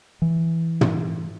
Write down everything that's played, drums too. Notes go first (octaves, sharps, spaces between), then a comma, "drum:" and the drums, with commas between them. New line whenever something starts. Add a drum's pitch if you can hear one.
E3
drum: tom